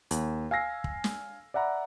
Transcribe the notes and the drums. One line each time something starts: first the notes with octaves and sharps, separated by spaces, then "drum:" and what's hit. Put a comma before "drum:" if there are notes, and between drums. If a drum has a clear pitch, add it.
D#2, drum: hi-hat
F5 G#5 E6 A#6 C7
drum: kick
drum: snare
D5 E5 F#5 A#5 B5